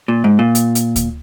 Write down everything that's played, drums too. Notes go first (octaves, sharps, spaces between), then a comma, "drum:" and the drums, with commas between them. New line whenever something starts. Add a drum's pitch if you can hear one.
A#2
G#2
A#2
drum: hi-hat
drum: hi-hat
drum: kick D2, hi-hat